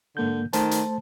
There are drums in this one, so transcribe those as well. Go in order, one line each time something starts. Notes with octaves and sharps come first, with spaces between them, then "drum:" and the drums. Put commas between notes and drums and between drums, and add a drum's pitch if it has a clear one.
G#2 D3 A#3 G6
D#3 A3 C5 A5, drum: hi-hat
drum: hi-hat